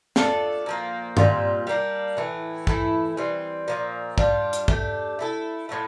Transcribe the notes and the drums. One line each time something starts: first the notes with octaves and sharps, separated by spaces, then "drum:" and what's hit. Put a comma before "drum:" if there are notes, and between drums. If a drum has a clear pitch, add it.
A3 D4 F4 A4, drum: snare
A#2 F3 A#3
A#2 G3 C4 F4, drum: tom G2
G3 A#3 D4
A2 E3 A3
E3 A3 E4 A4, drum: kick
E3 G3 C4
A#2 F3 A#3
G3 D4 F4, drum: kick
drum: hi-hat
A3 D4 G4, drum: kick
A3 E4 A4
A2 F3 A3